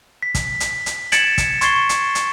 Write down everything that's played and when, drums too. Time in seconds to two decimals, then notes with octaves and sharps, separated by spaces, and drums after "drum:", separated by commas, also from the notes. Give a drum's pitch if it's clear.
0.22 B6
0.35 drum: kick, hi-hat
0.60 drum: hi-hat
0.86 drum: hi-hat
1.12 G#6 A6 C#7 D7 E7 F#7, drum: hi-hat
1.38 drum: kick, hi-hat
1.61 C6 C#6 G#6 A6 C7 G7, drum: hi-hat
1.89 drum: hi-hat
2.15 drum: hi-hat